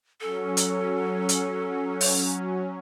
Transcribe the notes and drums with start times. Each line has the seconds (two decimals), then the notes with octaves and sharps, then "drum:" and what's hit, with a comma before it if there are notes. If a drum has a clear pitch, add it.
0.21 F#3 C#4 A4
0.57 drum: hi-hat
1.29 drum: hi-hat
2.01 drum: open hi-hat